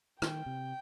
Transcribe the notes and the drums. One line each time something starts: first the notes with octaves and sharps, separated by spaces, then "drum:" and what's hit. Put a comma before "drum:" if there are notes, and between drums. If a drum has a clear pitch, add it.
D#3 G5, drum: rim click
C3